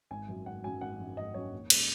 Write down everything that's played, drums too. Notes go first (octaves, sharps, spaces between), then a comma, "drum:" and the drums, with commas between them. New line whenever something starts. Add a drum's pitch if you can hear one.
G#1 G#5
F#2 F#3
G#1 F#5
F#2 F#3 G#5
G#1 F#5
F#2 F#3
G#1 D#5
F#2 F#3 C#5
D#2
C#3 G#3, drum: cymbal